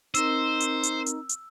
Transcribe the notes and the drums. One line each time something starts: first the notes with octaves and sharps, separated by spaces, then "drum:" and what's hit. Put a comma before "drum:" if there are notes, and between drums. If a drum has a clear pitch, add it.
C4 D#4 A#4 C5 E6, drum: hi-hat
drum: hi-hat
drum: hi-hat
drum: hi-hat
drum: hi-hat